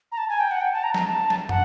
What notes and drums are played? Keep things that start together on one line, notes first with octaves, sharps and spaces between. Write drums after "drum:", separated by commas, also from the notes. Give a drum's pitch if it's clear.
A#5
A5
G#5
G5
F#5
G5
A5
A#5
A#5, drum: snare
A5
drum: snare
F#5, drum: tom